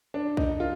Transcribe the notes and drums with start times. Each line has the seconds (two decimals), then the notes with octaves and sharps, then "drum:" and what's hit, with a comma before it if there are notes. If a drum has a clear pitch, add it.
0.14 D4
0.37 D#4, drum: kick B1
0.60 F4